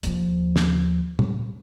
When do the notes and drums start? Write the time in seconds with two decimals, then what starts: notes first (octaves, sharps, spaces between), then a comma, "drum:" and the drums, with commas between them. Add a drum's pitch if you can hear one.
0.03 D#2 F3, drum: hi-hat
0.56 drum: snare
1.19 drum: tom